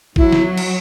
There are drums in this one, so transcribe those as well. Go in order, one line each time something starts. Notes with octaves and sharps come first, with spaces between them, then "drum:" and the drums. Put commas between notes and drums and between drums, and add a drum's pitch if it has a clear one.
F#3 E4, drum: kick A1
drum: snare
drum: cymbal